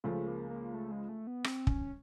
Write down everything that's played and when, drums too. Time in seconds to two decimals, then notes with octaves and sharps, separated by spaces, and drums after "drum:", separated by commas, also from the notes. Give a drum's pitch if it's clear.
0.04 C#2 C#3 F3 A3
0.27 A#3
0.50 A#3
0.74 A3
0.92 G#3
1.09 A3
1.27 B3
1.44 C4, drum: rim click
1.67 C#4, drum: kick